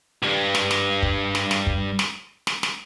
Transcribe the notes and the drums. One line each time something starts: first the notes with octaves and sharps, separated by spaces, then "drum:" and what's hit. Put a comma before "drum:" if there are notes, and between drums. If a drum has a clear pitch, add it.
B1 G2
drum: snare
drum: snare
drum: kick
drum: snare
drum: snare
drum: kick
drum: snare
drum: snare
drum: snare